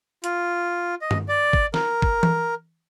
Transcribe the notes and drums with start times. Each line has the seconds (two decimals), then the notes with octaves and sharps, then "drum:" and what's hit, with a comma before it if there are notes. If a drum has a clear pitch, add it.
0.24 F4, drum: hi-hat
1.02 D#5
1.11 drum: tom G2
1.28 D5
1.53 drum: kick
1.74 A#4, drum: snare
2.02 drum: kick
2.23 drum: tom E3